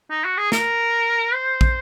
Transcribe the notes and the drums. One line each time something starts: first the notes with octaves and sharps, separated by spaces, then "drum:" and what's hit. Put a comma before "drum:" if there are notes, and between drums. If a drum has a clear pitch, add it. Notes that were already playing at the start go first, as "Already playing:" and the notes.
D#4
F#4
G#4
A#4, drum: snare
C5
drum: kick